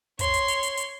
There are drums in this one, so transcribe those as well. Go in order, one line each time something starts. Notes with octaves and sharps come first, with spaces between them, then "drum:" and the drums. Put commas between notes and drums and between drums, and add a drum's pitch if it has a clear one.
C#5 C6, drum: kick, hi-hat
drum: hi-hat
drum: hi-hat
drum: hi-hat
drum: hi-hat